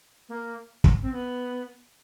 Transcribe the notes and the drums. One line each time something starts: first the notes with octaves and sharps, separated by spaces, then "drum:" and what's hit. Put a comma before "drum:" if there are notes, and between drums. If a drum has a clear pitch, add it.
A#3
drum: kick
C4
B3